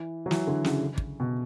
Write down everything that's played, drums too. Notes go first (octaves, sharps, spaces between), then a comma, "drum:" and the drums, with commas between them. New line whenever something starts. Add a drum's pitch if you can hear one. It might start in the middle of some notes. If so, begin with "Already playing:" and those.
Already playing: E3
F#3
E3, drum: snare
D3
C#3, drum: snare
drum: kick
B2